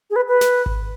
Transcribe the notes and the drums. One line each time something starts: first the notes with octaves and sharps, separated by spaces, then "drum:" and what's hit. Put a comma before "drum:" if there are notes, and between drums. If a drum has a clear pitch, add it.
G#4
B4
B4
drum: snare
drum: kick G#1